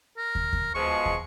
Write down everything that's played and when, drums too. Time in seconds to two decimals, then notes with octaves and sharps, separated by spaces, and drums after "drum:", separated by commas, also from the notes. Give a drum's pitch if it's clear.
0.17 A#4
0.35 drum: kick
0.53 drum: kick
0.74 B2 F3 G#3 C#6
1.06 drum: kick